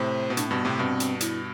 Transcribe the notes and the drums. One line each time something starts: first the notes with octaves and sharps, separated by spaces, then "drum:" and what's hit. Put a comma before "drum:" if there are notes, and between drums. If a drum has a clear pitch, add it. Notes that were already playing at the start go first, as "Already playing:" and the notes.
Already playing: A2 C3 C5
B2
A2 D4, drum: hi-hat
G2 B2 C4
B3
A2 C3 C4
G2 B2
drum: hi-hat
E4, drum: hi-hat